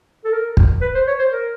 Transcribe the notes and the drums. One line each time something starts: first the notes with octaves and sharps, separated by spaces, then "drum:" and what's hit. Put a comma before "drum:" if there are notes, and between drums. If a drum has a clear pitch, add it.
A4
A#4
drum: kick
B4
C5
C#5
C5
A#4